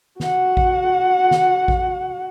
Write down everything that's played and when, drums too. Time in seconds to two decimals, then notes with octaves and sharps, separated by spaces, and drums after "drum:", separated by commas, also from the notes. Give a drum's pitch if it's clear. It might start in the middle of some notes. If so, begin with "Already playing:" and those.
0.20 F#4 F#5, drum: snare
0.57 drum: kick A1
1.31 drum: snare
1.68 drum: kick A1